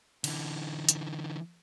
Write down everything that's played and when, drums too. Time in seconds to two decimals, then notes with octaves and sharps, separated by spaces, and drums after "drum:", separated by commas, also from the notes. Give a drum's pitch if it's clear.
0.24 D3 E3, drum: cymbal
0.89 drum: hi-hat